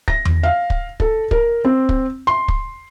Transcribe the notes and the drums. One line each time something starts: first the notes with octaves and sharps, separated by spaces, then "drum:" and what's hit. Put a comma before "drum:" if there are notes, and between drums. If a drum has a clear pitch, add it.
A#6, drum: kick
drum: tom E2
F5
drum: kick
A4, drum: kick
A#4, drum: kick
C4
drum: kick
C6
drum: kick